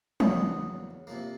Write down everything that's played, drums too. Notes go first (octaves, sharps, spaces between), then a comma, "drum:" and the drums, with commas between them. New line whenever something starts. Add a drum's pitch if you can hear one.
E2 C#3 F#3 A#3 D4 D#6, drum: tom
C3 F3 A#3